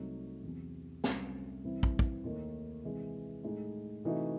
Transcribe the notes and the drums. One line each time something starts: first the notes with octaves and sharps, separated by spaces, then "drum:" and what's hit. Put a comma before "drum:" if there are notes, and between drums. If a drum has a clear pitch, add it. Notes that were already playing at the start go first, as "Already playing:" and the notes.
Already playing: C2 C3 F#3 A3 D#4
E2 C3 F#3
C2 C3 F#3 A3 C#4, drum: snare
C2 C3 E3 C4 E4
drum: kick
drum: kick
D#2 D#3 A3 D#4
C3 E3 G#3
A2 G#3 D#4
C3 E3 A3 D#4 F#4